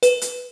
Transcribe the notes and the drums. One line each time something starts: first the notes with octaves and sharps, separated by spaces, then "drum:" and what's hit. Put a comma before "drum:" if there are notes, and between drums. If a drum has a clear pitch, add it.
B4, drum: hi-hat
drum: hi-hat